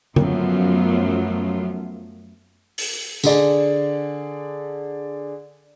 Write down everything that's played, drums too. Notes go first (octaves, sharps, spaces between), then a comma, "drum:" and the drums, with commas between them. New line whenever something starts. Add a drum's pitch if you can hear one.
F#2 F3 F#3 A3 B3 F4, drum: tom D3
drum: open hi-hat
D3 G#4 D5, drum: tambourine